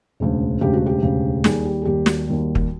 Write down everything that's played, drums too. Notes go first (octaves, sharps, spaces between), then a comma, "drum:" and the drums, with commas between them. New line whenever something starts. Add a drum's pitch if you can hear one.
E1 D2 C#3
E1 D2 C#3 G4
F#4
G4
E1 D2 C#3
D#2 D#3 G3 G#4, drum: snare
G4
G#4
D#2 D#3 G3 G4
F#4, drum: snare
D#2 D#3 G3
drum: kick